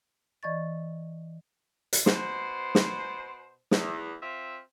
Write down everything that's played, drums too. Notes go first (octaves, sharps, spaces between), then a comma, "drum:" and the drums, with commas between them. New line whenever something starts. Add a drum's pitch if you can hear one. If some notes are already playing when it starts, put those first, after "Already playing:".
E3 D5 D#5 C#6 A6
drum: hi-hat
B2 C5, drum: snare
drum: snare
E2, drum: snare
C4 F4 E5